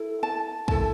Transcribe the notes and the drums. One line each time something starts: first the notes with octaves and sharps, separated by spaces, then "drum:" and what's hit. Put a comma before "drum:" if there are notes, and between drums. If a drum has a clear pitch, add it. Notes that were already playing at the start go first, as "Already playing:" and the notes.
Already playing: E4 A4
A5
E4 A4 A5, drum: kick